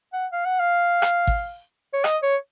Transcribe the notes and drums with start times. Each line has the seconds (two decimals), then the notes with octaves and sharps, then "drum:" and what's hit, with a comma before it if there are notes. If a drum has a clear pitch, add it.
0.13 F#5
0.32 F5
0.45 F#5
0.59 F5
1.02 drum: rim click
1.27 drum: kick G#1
1.93 C#5
2.04 D#5, drum: rim click
2.23 C#5